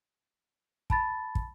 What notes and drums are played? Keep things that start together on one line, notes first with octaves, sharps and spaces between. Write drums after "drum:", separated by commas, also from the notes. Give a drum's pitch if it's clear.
A5 B5 A6, drum: kick
drum: kick